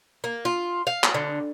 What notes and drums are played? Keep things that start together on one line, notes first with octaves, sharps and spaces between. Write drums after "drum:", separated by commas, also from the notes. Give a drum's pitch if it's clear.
A#3
F4
F5
drum: clap
D3